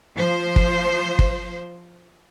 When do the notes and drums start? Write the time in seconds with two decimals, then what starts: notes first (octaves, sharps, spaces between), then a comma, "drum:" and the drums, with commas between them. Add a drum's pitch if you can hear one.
0.14 F3 C5
0.56 drum: kick
1.19 drum: kick